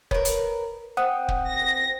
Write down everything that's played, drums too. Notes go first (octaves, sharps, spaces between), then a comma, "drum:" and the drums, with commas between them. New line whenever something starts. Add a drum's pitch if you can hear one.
A#4 B4 C#5, drum: kick
drum: hi-hat
C4 F#5 D#6
drum: kick
A#6